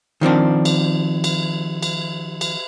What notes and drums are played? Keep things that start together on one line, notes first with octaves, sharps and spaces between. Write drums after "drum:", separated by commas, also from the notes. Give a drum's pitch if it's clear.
D#3 F3 C4 D4
drum: cymbal
drum: cymbal
drum: cymbal
drum: cymbal